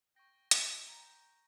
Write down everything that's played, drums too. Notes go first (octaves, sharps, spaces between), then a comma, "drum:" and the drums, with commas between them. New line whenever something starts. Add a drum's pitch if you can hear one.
G5 C#6 A#6
E5, drum: hi-hat
G5 A#5